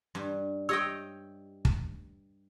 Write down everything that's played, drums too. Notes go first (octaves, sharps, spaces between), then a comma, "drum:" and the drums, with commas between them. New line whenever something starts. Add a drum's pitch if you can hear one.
G2
G4 C#5 D#5 G5 E6
drum: kick